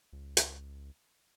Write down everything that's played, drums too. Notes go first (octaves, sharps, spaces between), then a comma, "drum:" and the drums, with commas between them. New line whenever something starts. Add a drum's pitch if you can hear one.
C#2
drum: hi-hat